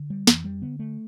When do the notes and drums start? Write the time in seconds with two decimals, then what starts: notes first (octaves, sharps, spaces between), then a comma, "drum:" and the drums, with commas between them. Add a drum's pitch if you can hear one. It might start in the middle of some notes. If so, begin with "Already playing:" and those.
Already playing: D3
0.10 G3
0.27 F2 E3, drum: snare
0.44 G3
0.62 D3 B3
0.79 A3